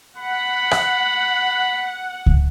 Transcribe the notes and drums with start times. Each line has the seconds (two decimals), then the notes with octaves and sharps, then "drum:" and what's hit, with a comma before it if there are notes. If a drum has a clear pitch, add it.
0.18 F#5 B5
0.71 drum: rim click
2.26 drum: kick C#2